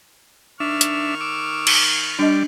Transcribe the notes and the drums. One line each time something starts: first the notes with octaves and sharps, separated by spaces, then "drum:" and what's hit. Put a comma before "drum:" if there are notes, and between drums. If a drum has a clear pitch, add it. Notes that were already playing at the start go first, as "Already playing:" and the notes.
D#3 D4 E5 C#6 F6
drum: hi-hat
D6 E6
drum: cymbal
G3 D4 D5 D#5